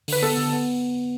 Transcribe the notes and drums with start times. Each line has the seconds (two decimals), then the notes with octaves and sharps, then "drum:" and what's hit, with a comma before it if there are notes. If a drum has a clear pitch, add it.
0.08 D3 B4, drum: open hi-hat
0.22 B3 A4
0.37 D3
0.53 B3